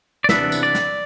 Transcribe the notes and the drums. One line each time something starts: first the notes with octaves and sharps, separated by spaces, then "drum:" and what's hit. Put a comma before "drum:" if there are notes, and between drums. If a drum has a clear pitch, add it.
D5
C3 E3 B3 D4 E5, drum: snare
drum: tambourine
D5
drum: snare